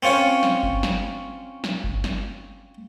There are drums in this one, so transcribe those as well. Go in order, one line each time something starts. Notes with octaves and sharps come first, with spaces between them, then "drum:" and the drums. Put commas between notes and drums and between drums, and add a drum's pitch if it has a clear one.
C4 C#4 F4 C#5
drum: snare
drum: kick G1
drum: snare
drum: snare
drum: kick G1
drum: snare